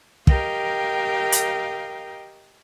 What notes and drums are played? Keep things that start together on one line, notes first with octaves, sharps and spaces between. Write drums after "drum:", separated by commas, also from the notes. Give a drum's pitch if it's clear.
G4 A#4 D#5 F5 G5, drum: kick
drum: hi-hat